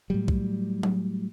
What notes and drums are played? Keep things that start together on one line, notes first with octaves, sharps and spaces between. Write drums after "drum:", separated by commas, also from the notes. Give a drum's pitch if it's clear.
A2 F#3 G3
drum: kick B1
drum: tom F#3